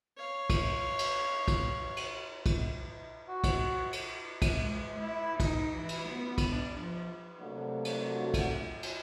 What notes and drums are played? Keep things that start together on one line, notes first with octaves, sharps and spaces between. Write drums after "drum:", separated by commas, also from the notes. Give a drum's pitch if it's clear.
C#5 F5
drum: kick, cymbal
drum: cymbal
drum: kick, cymbal
drum: cymbal
drum: kick, cymbal
F#4
drum: kick, cymbal
drum: cymbal
drum: kick, cymbal
G#3
E4
D#4, drum: kick, cymbal
E3
drum: cymbal
B3
drum: kick, cymbal
D4
F3
C3 F#3 A3 A#3 D4 F#4
drum: cymbal
drum: kick, cymbal
drum: cymbal